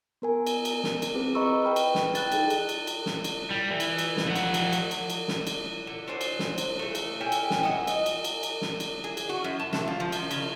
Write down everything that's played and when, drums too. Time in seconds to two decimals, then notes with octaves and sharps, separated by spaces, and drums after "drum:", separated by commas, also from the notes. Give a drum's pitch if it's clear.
0.22 B3 A#4 G#5
0.47 drum: cymbal
0.65 drum: cymbal
0.84 drum: snare
1.02 drum: cymbal
1.14 C4 G#4 B4
1.35 D#5 A#5 B5 C#6 E6
1.64 B4 G5 B5 F6
1.76 drum: cymbal
1.95 drum: snare
2.15 G5 F#6 A6, drum: cymbal
2.32 D#4 G#4 A4, drum: cymbal
2.50 drum: cymbal
2.69 drum: cymbal
2.87 drum: cymbal
3.06 drum: snare
3.24 drum: cymbal
3.51 G3
3.70 E3
3.80 drum: cymbal
3.98 drum: cymbal
4.17 drum: snare
4.26 F3 F#5
4.35 drum: cymbal
4.54 drum: cymbal
4.73 drum: cymbal
4.91 drum: cymbal
5.10 drum: cymbal
5.28 drum: snare
5.47 drum: cymbal
5.87 D3
6.07 F#3 D4 C5 G#5
6.21 drum: cymbal
6.39 drum: snare
6.58 drum: cymbal
6.79 C#3 A3
6.95 drum: cymbal
7.21 C#4 E4 G5
7.32 drum: cymbal
7.50 drum: snare
7.63 E3 F#4 D#5 E5
7.87 drum: cymbal
8.06 drum: cymbal
8.24 drum: cymbal
8.43 drum: cymbal
8.62 drum: snare
8.80 drum: cymbal
9.04 G#4
9.17 drum: cymbal
9.29 F#4
9.44 F#2
9.59 A5
9.73 C3, drum: snare
9.87 F4
10.00 F3
10.12 F#2, drum: cymbal
10.31 C#3, drum: cymbal